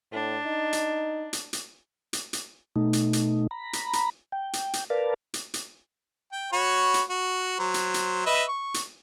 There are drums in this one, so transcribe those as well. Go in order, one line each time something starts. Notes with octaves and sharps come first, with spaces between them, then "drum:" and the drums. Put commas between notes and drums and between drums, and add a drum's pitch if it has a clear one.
A2 D4
D#4
drum: hi-hat
drum: hi-hat
drum: hi-hat
drum: hi-hat
drum: hi-hat
B2 A3 D#4
drum: hi-hat
drum: hi-hat
A#5 B5
drum: hi-hat
drum: hi-hat
G5
drum: hi-hat
drum: hi-hat
A#4 B4 D5 F5 A5
drum: hi-hat
drum: hi-hat
G5
F#4 C#5 B5
drum: hi-hat
F#4
F#3 C5
drum: hi-hat
drum: hi-hat
B4 D#5 E5
C#6
drum: hi-hat